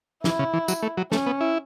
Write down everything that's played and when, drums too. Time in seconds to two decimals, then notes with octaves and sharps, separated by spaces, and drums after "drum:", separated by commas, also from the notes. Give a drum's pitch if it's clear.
0.24 E3 E4, drum: snare
0.39 C#3
0.53 E3
0.68 F#3, drum: tambourine
0.83 A3
0.97 F#3
1.12 A3 C#4, drum: snare
1.26 B3
1.41 E4